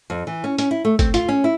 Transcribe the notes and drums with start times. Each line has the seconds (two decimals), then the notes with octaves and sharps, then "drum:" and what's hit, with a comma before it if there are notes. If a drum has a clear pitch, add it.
0.10 F2
0.27 E3
0.44 C#4
0.58 C#4, drum: hi-hat
0.71 E4
0.85 A3
0.99 C4, drum: kick G1, hi-hat
1.14 F4, drum: hi-hat
1.29 C#4
1.44 E4